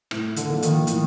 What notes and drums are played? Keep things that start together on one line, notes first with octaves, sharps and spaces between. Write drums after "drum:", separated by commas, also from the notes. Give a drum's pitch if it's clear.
A2, drum: rim click
D3, drum: hi-hat
D3 F3 A#3
D#3, drum: hi-hat
A2 D#3, drum: hi-hat